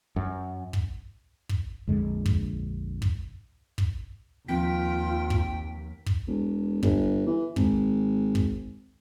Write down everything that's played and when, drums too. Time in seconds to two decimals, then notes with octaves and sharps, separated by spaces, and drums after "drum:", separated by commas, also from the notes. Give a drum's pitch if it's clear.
0.16 F#2
0.73 drum: kick
1.49 drum: kick
1.87 A#1 F2 D3 G#3
2.26 drum: kick
3.02 drum: kick
3.78 drum: kick
4.48 D#2 F3 C4 F4 G5 B6
5.30 drum: kick
6.06 drum: kick
6.27 E1
6.83 G1, drum: kick
7.26 E3
7.56 G#1, drum: kick
8.35 drum: kick